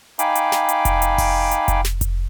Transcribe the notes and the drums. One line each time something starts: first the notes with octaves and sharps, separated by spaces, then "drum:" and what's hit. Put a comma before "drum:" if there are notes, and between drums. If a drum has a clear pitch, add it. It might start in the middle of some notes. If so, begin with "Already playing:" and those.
D#4 F5 G5 G#5 B5 D6, drum: hi-hat
drum: hi-hat
drum: snare
drum: hi-hat
drum: kick F1, hi-hat
drum: hi-hat
drum: kick F1, open hi-hat
drum: hi-hat
drum: kick F1, hi-hat
drum: snare
drum: kick F1, hi-hat